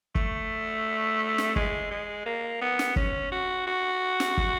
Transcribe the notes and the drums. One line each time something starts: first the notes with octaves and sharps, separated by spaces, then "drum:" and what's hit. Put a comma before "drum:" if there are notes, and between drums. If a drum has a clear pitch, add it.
A3, drum: kick
drum: snare
G#3, drum: kick
G#3
A#3
B3
drum: snare
C#4, drum: kick
F#4
F#4
drum: snare
drum: kick